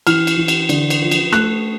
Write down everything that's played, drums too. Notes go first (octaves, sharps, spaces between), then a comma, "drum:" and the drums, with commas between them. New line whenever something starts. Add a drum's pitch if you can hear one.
E3 F6, drum: cymbal
drum: cymbal
E3
drum: cymbal
D3, drum: cymbal
drum: cymbal
F3
drum: cymbal
A3 F#6, drum: rim click